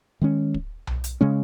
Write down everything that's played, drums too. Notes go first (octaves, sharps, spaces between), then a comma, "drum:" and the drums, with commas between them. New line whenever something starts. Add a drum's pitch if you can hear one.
D#3 G#3 C#4
drum: kick
drum: tom B1
drum: hi-hat
C#3 G#3 C#4